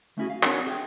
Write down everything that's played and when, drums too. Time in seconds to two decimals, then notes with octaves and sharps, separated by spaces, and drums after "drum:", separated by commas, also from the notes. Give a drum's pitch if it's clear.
0.18 A3 B3 C#4 E4 F#4 G#4
0.30 F5
0.43 C4 D4 D#4 F#4 A#4 C#5, drum: clap
0.67 G#4 E5 G5